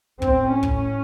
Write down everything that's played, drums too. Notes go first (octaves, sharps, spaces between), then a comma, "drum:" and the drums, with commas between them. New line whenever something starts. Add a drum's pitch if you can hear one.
A2 C4, drum: kick
C#4
drum: kick